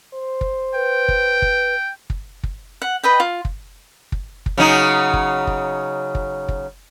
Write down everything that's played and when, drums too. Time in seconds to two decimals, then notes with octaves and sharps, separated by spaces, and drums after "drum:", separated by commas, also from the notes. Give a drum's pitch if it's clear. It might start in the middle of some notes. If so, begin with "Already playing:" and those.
0.14 C5
0.41 drum: kick
0.75 B4 G5
1.08 drum: kick
1.42 drum: kick
2.10 drum: kick
2.43 drum: kick
2.82 F#5
3.03 B4 D#5 G5
3.20 F4
3.45 drum: kick
4.12 drum: kick
4.46 drum: kick
4.58 C#3 F#3 D#4
5.13 drum: kick
5.47 drum: kick
6.15 drum: kick
6.48 drum: kick